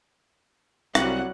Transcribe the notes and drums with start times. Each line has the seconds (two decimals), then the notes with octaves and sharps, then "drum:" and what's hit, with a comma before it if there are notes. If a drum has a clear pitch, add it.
0.95 C2 F#3 G3 F#5, drum: rim click